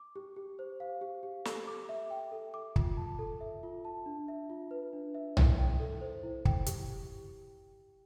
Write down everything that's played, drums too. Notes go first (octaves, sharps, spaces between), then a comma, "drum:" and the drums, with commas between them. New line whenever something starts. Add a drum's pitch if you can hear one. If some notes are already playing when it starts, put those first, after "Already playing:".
Already playing: D6
G4
G4
C5
F5
G4
G4
A4, drum: snare
D6
E5
G5
A4
D6
F4, drum: kick
A5
A4
E5
F4
A5
D4
E5
F4
B4
D4
E5
E4, drum: tom B1
G5
A4
C5
E4
G5, drum: kick
G4, drum: hi-hat